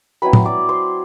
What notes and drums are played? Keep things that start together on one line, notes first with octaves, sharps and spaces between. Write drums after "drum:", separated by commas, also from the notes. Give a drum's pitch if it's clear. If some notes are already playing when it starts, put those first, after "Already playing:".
F#3 C4 E4 B4 B5
drum: tom A2
D5 D6
C5 C6